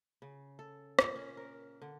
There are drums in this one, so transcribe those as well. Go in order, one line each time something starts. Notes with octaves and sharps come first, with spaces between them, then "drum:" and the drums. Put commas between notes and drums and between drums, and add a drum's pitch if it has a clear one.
C#3
A4
A#2, drum: rim click
C#4
A#4
D3